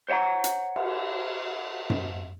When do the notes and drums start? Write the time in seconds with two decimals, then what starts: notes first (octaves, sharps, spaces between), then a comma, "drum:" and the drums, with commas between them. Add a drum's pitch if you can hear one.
0.09 C5 C#5 E5 F#5 A#5
0.44 drum: hi-hat
0.76 drum: cymbal
1.90 drum: tom F#2